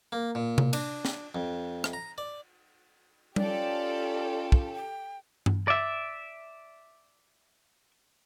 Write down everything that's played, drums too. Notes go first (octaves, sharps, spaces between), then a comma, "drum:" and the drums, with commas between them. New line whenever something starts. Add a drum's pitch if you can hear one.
A#3
A#2
drum: tom C3
D4, drum: cymbal
drum: snare
F2
drum: rim click
A#5
D5
C#4 F4 G4 A4 D5, drum: tom G3
drum: kick
G5
drum: tom G2
D5 E5